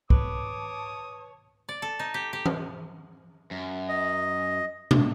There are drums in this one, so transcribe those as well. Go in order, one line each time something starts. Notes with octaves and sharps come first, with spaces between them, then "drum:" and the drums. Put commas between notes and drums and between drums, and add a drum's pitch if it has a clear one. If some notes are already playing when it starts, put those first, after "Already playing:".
B4 C#5 A5 D6 D#6, drum: kick
D5
A4
D#4
G4
G4
drum: tom E3
F#2
D#5
drum: tom B2